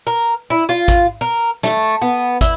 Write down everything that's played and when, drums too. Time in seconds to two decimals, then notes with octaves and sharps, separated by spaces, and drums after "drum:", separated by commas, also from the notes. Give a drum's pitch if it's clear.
0.07 A#4
0.50 E4
0.69 F4
0.88 drum: kick, hi-hat
1.21 A#4
1.63 A3, drum: snare
2.02 B3
2.41 E4, drum: kick, hi-hat